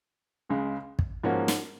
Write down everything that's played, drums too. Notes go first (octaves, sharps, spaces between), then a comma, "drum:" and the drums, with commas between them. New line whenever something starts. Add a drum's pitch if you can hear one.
C#2 C#3 G#3
drum: kick
G#2 F3 A#3 C#4 F#4
drum: snare